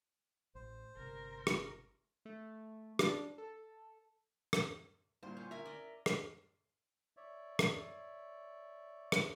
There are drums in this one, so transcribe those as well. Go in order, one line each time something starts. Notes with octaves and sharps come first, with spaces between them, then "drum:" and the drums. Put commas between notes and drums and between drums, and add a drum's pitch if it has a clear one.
A1 C5
G1 C3 A#4
drum: rim click
A3
D4, drum: rim click
A4
drum: rim click
C2 A#2 C5
C#4
A#4 E5 G#5
D5 D#5
drum: rim click
C#5 D5 E5
drum: rim click
drum: rim click